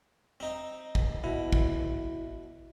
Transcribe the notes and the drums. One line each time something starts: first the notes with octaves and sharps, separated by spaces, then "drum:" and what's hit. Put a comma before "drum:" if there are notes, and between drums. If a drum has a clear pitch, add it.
C4 D#4
drum: kick
B2 E4
drum: kick